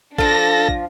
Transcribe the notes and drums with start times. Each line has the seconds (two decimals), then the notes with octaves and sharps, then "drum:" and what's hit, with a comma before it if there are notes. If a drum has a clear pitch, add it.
0.18 F3 D4 F4 A4 A#6, drum: kick
0.69 drum: kick